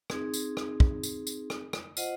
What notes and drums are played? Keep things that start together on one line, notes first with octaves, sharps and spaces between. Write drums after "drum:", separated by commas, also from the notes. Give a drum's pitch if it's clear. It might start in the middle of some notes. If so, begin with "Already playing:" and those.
C4 D#4 G#4, drum: rim click
drum: tambourine
drum: rim click
drum: kick
drum: tambourine
drum: tambourine
drum: rim click
drum: rim click
F4 C5 D#5 F#5, drum: tambourine